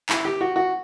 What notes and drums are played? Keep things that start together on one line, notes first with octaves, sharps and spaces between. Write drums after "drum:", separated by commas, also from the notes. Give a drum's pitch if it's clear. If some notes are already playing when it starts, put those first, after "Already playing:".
E4, drum: clap
G4
F#4
F#4